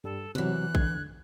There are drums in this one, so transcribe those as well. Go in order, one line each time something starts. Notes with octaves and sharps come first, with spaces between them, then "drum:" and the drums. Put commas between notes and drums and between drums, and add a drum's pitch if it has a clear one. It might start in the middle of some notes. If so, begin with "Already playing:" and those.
G2 G3 A4
E2 C3 E3 F#3 F#6
D3 G#6, drum: kick A#1